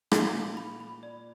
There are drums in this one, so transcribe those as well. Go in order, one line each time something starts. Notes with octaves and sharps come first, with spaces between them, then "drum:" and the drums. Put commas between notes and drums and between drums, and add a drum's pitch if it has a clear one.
A#2 F5, drum: rim click
F5
B5
B5
D5